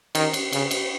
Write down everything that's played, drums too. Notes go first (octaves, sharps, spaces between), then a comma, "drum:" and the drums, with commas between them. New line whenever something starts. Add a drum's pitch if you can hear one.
D#3, drum: cymbal
drum: cymbal
C#3, drum: cymbal
drum: cymbal